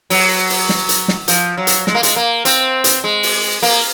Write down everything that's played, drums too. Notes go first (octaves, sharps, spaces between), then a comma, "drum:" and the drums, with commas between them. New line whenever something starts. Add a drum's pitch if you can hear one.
F#3, drum: open hi-hat
drum: open hi-hat
drum: snare
drum: hi-hat
drum: snare
F3, drum: hi-hat
F#3
drum: hi-hat
G#3, drum: snare
A#3
G#3, drum: hi-hat
A#3
C4, drum: hi-hat
drum: hi-hat
G#3
drum: open hi-hat
A#3, drum: open hi-hat